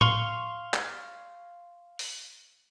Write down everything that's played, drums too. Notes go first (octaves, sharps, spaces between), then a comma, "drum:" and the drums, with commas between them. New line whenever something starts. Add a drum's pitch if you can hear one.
F5 C6 C#6, drum: tom A2
drum: clap
drum: open hi-hat